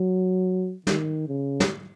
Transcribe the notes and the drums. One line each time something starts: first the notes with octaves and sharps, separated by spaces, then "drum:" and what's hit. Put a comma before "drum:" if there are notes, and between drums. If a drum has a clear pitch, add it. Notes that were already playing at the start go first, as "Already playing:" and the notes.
Already playing: F#3
D#3, drum: snare
C#3
drum: snare